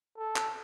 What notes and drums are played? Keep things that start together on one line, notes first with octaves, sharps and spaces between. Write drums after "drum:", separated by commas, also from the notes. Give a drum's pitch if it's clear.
A4
drum: clap